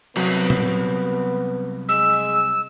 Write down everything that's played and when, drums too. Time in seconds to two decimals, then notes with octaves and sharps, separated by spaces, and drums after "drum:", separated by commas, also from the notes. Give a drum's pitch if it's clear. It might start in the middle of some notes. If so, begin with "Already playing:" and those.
0.16 C2 F#3 B3, drum: cymbal
0.50 drum: tom
1.89 G#3 E6